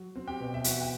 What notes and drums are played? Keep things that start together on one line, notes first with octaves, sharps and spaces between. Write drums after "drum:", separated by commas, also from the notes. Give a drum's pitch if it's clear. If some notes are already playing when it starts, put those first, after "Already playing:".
Already playing: F#3
C4
G4 G5
B2
E5
E3 F#4 F#5, drum: hi-hat
G5